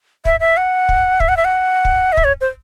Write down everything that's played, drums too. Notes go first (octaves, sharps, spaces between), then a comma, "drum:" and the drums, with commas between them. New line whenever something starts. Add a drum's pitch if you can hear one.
E5, drum: kick
E5
F#5
drum: kick
E5, drum: kick
F#5
E5
F#5
drum: kick
D#5
E5, drum: kick
C#5
C5